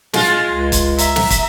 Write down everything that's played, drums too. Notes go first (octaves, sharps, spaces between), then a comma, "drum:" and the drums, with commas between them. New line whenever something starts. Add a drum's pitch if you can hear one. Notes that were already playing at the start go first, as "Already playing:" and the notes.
G#3 F4, drum: snare
C#2
drum: kick, hi-hat
E5 A#5, drum: hi-hat
drum: snare
drum: kick, hi-hat